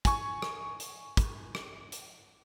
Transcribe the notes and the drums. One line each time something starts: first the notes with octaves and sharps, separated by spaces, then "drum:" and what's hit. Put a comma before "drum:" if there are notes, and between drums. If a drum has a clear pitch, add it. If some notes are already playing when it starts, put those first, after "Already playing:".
G#5 C#6, drum: kick, hi-hat
drum: rim click
drum: hi-hat
drum: kick, hi-hat
drum: rim click
drum: hi-hat